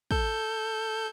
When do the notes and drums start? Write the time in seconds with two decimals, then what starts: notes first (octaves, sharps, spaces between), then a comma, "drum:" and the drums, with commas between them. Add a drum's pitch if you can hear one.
0.11 A4 G6, drum: kick